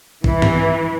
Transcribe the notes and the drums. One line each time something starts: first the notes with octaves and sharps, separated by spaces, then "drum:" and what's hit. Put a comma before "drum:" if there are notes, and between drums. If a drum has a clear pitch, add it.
E3, drum: kick
drum: tom G2